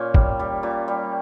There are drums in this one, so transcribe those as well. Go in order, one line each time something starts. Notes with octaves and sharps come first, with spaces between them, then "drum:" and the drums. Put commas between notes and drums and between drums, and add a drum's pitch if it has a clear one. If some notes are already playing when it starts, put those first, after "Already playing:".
Already playing: A#2 C#4
G3, drum: kick
G3
A#2
G3